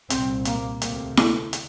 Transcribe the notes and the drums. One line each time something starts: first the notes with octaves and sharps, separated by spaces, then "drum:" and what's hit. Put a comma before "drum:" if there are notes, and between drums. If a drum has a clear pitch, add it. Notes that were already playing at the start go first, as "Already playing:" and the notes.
C2 A#2 C4, drum: hi-hat
A#3, drum: hi-hat
D2 C3 A#3, drum: hi-hat
A3, drum: snare E4
drum: hi-hat